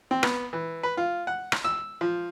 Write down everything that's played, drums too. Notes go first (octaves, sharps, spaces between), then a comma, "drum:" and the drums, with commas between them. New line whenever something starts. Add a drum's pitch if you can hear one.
C4
B3, drum: rim click
E3
B4
F4
F#5
drum: rim click
E6
F3